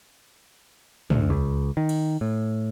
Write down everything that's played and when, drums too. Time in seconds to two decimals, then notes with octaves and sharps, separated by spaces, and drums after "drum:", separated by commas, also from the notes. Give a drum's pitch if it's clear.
1.10 D2, drum: tom
1.30 C#2
1.77 D#3
1.89 drum: cymbal
2.21 A2